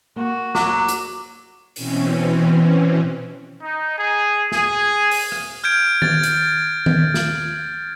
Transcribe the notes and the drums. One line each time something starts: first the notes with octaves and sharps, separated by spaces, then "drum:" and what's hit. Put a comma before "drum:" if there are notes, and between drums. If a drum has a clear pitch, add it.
A#3 F#4
F#3 D6, drum: snare
drum: hi-hat
B2 E3 C4 C#4, drum: open hi-hat
D#4
G#4
G#4, drum: snare
drum: open hi-hat
drum: rim click
F6 G6 G#6 D7
A6, drum: tom D#3
drum: hi-hat
drum: tom D#3
drum: snare